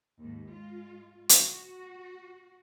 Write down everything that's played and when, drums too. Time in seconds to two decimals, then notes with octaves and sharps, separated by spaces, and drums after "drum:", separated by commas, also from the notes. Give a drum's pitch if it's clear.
0.20 D#2 G#2
0.51 G#3 F4
1.29 F#4, drum: hi-hat